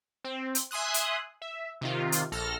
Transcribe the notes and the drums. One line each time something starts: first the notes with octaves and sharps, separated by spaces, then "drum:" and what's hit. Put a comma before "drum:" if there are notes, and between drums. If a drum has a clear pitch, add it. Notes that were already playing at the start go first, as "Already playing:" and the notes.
C4
drum: hi-hat
E5 G#5 C6 D#6 F#6
drum: hi-hat
E5
C3 D#3 F4
drum: hi-hat
A#1 A4 F6 A#6